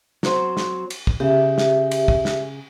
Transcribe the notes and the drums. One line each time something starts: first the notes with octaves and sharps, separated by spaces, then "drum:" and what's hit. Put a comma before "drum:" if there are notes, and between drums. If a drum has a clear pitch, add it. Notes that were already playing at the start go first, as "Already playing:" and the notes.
F#3 C4 C5, drum: snare
drum: snare
drum: cymbal
drum: kick
C#3 G4 E5
drum: snare
drum: cymbal
drum: kick
drum: snare